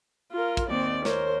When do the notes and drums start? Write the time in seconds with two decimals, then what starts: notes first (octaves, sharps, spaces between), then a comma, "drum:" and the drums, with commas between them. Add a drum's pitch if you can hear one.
0.32 F4 A#4
0.57 drum: kick, hi-hat
0.70 D#2 C4 D5
1.05 A#4 C5 C#5, drum: snare